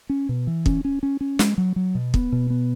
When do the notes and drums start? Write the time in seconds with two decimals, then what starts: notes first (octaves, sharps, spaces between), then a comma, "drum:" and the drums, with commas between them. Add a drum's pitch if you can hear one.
0.10 C#4
0.29 B2
0.47 E3
0.66 C#4, drum: kick
0.85 C#4
1.03 C#4
1.21 C#4
1.39 G#3, drum: snare
1.58 F#3
1.76 F#3
1.95 B2
2.14 B3, drum: kick
2.32 B2
2.50 B3